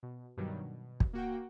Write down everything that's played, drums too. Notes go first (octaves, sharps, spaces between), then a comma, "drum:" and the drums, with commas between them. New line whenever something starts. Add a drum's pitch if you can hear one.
B2
G2 B2 D#3 F#3 G3
B2
drum: kick
A#3 F#4 F#5 G5